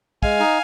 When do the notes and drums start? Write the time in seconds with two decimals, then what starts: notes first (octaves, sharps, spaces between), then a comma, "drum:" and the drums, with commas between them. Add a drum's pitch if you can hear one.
0.23 G#3 F5 G#5, drum: kick
0.40 D#4